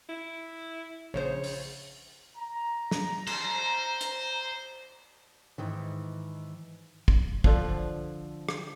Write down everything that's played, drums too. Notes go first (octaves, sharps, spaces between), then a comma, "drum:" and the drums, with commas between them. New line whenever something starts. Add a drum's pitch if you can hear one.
E4
A#1 C#3 C5 C#5
drum: open hi-hat
A#5
drum: snare
C5, drum: cymbal
drum: hi-hat
G#2 D#3 E3
drum: kick
D3 F3, drum: kick
drum: rim click